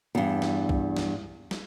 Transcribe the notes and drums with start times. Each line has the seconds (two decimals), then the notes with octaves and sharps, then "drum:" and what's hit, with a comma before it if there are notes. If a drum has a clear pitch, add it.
0.15 E2 G2
0.42 drum: snare
0.69 drum: kick B1
0.97 drum: snare
1.51 drum: snare